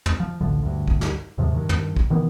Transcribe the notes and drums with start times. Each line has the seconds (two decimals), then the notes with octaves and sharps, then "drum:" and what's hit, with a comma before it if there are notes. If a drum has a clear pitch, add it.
0.06 drum: tom
0.20 F3
0.41 A1 D2 D3 F3
0.63 D2 G2
0.88 drum: kick
1.01 drum: snare
1.38 D#2 G#2 C3 F3
1.53 G2 D#3
1.69 drum: tom
1.96 drum: kick
2.10 B2 D#3 E3 B3